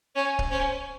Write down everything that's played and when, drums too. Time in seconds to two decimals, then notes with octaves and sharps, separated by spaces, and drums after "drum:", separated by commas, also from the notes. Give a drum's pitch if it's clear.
0.16 C#4 C#5
0.39 drum: kick C#1
0.50 C#4 C5